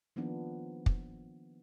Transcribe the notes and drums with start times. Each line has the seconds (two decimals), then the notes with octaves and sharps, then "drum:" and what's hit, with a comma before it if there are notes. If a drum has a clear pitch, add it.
0.16 D#3 F3 A#3 B3 D4
0.86 drum: kick